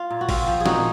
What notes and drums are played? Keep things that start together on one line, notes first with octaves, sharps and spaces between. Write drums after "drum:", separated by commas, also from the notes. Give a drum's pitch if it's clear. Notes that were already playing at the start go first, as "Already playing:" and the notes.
Already playing: F4
A#2
F#4
C4 F4, drum: kick G#1, open hi-hat
F3
G#4
A#2 D#4 F#4, drum: snare